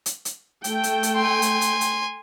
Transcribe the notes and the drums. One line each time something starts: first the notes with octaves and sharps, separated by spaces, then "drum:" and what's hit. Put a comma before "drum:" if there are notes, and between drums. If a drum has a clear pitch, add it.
drum: hi-hat
drum: hi-hat
A3 G5, drum: hi-hat
drum: hi-hat
drum: hi-hat
G#5 C6
drum: hi-hat
drum: hi-hat
drum: hi-hat